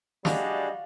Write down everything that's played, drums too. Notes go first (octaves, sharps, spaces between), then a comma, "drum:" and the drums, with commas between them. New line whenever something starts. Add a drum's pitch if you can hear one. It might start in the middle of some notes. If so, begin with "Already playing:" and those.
G3 D4 F#4 G#4 D#5 F5, drum: snare